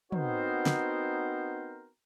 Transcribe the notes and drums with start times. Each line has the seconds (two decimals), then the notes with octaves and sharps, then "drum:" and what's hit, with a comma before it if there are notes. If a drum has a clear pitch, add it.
0.12 B3 C4 D#4 F#4 A#4 C5, drum: tom
0.66 drum: snare